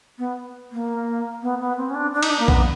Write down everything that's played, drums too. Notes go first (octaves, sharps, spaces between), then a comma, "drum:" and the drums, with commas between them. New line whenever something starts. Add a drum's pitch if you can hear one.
B3
A#3
B3
B3
C4
C#4
D4
D4
D#4, drum: cymbal
D4
A#3
B3, drum: kick A#1